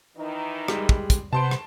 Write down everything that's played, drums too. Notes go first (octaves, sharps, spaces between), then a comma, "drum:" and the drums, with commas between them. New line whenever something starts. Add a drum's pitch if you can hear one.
D#3 E3 D#4
G3 G#3, drum: rim click
drum: kick
drum: kick, hi-hat
C3 B3 C5 A5 C6 D7
drum: rim click